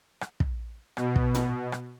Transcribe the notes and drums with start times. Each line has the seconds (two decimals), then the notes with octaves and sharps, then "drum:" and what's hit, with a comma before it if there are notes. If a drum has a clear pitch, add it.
0.21 drum: rim click
0.40 drum: kick
0.97 B2, drum: rim click
1.16 drum: kick
1.35 drum: tom
1.72 drum: rim click